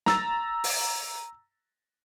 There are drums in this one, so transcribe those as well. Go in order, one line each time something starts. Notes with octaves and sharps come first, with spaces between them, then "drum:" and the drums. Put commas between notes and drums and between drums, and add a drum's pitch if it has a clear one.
A#5 E6 A6, drum: snare
drum: open hi-hat